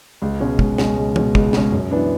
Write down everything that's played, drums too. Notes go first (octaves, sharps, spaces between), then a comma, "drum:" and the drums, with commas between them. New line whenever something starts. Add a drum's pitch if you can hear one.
C#2
B2 G#3 C#4
C#2, drum: kick
B2 G#3 C#4, drum: snare
C#2
B2 G#3 C#4, drum: tom
C#2, drum: kick
B2 G#3 C#4, drum: snare
F#2
E3 B3 D4